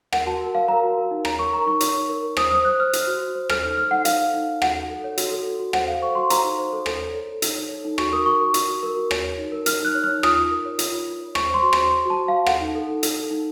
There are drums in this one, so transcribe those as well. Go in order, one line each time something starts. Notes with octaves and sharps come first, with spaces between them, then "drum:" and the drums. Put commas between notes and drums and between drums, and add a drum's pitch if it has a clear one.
A#4 F#5, drum: rim click
F#4 A5
A#4
C#5 F5
A#4 A#5
F#4
A#4
D#4
C#5 A#5, drum: rim click
A#4 C#6
A#4 A#5
D#4 C#6
C#5, drum: hi-hat
D#4
A#4
A#4
C5 D#6, drum: rim click
C5 D#6
C5 F#6
C5 F6
C5, drum: hi-hat
F#4
C5
C5
A4 F6, drum: rim click
D#4 F6
A4 F6
D#4 F#5
D#4 F5, drum: hi-hat
A4
D#4
D#4
F#4 F#5, drum: rim click
A4
A4
C#5
F#4, drum: hi-hat
A4
F#4
F#4
C5 F#5, drum: rim click
A4 F5
C5 C#6
F#4 C6
C5 A#5, drum: hi-hat
D#4
C5
A4
A4, drum: rim click
C#5
A4
A4
D#4, drum: hi-hat
C#5
A4
D#4
F#4 C#6, drum: rim click
A#4 D#6
F#4 C#6
A#4
F#4, drum: hi-hat
F#4
A#4
F#4
C#5, drum: rim click
C#5
D#4
A#4
A#4 F6, drum: hi-hat
D#4 F#6
C#5
F6
D#4
F4 D#6, drum: rim click
F4
A#4
C#5
F4, drum: hi-hat
F4
F4
C#5
C5 C#6, drum: rim click
C5 C6
F#4
C5 C6, drum: rim click
C5
F#4 A5
C5
F#4 F5
A4 F#5, drum: rim click
D#4
A4
D#4
A4, drum: hi-hat
A4
D#4